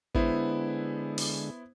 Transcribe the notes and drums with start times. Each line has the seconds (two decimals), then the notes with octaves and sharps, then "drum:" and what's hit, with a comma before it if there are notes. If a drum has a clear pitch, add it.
0.15 D3 G#3 B3 E4 C5, drum: kick
1.18 drum: open hi-hat